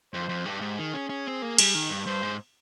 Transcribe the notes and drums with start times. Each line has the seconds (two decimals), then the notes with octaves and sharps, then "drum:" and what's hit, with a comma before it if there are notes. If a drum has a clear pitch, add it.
0.14 F2 C5
0.29 F2
0.46 G2 G4
0.61 G#2
0.78 D#3 G#4
0.94 C#4
1.10 C#4
1.26 C4
1.42 A#3
1.58 G3, drum: cymbal
1.75 D#3
1.90 G2
2.06 G2 C5
2.22 G#2